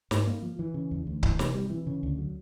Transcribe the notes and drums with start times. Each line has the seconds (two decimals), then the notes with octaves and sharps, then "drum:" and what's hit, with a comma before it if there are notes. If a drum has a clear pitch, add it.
0.11 G#2, drum: snare
0.27 A#3
0.42 F3
0.59 E3
0.74 C#3
0.91 E2
1.07 D2
1.23 E3, drum: kick C#1
1.39 C3, drum: snare
1.54 G3
1.70 E3
1.87 C#3
2.03 D2
2.18 F#3